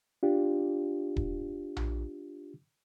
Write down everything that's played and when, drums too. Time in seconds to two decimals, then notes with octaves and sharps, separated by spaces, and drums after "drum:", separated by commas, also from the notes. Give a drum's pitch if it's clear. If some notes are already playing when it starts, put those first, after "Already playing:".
0.23 D4 F4 G4
1.16 drum: kick D#1
1.76 drum: tom A#1